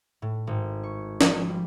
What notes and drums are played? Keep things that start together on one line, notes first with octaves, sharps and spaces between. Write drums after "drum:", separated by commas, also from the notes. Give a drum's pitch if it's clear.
A2
G#1
C#6
F3, drum: snare
G3